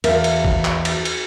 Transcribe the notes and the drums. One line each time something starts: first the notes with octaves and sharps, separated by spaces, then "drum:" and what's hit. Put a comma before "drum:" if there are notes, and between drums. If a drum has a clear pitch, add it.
E2 A#4 E5 F5, drum: cymbal
drum: cymbal
drum: kick
drum: clap
drum: cymbal
drum: cymbal